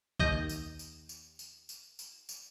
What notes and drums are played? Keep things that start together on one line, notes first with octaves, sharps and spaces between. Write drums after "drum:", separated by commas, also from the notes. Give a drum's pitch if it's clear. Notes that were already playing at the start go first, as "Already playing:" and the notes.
D#2 D#5 G6, drum: kick
drum: tambourine
drum: tambourine
drum: tambourine
drum: tambourine
drum: tambourine
drum: tambourine
drum: tambourine